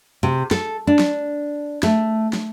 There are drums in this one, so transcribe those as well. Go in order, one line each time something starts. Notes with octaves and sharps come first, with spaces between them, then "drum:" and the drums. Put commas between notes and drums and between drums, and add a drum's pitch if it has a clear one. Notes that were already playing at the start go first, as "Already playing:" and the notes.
C3
A4, drum: snare
D4
drum: snare
A3, drum: snare
drum: snare